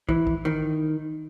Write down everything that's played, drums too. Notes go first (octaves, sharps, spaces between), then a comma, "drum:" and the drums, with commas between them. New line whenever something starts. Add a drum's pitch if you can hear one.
E3, drum: kick
drum: kick
D#3